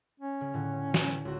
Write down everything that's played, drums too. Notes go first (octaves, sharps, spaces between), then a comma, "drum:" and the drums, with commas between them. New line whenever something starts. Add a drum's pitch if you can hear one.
C#4
C#3
A2 D3
drum: snare
C#2 F#4